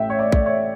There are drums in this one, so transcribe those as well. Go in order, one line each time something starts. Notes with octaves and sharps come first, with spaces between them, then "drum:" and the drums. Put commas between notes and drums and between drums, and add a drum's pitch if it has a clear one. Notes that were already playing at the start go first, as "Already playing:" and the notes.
Already playing: A1 A2 E5 G5
C#5
D5
D5, drum: kick A#1
C#5